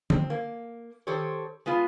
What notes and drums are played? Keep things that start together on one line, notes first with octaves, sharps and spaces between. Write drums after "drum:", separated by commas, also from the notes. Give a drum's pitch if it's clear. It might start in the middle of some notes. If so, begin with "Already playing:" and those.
C4, drum: tom D3
A#3
D#3 G4 A4 C5 C#5
G#3 B3 F4